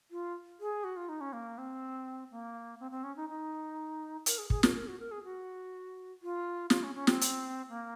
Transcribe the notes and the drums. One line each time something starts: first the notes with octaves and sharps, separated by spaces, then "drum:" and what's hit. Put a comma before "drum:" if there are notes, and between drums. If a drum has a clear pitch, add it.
F4
G#4
F#4
F4
D#4
C#4
A#3
C4
A#3
C4
C4
C#4
D#4
D#4
A#4, drum: hi-hat
G#4
G#4, drum: kick
A#4, drum: snare
A#4
F#4
A#4
G#4
F#4
F4
F4, drum: snare
C#4
C#4
C4, drum: snare
drum: hi-hat
A#3